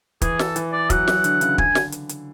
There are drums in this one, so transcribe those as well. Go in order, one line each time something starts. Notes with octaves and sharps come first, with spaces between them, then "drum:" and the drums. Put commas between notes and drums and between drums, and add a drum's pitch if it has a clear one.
E3 G#4, drum: kick, hi-hat
A4, drum: snare
E3, drum: hi-hat
D5
F#3 F#5, drum: kick, hi-hat
F#3, drum: snare
D3, drum: hi-hat
C#3, drum: hi-hat
D3 G#5, drum: kick
drum: snare
drum: hi-hat
drum: hi-hat